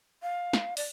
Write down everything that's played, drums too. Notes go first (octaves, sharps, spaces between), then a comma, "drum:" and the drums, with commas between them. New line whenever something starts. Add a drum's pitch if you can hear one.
F5
drum: snare
D5, drum: open hi-hat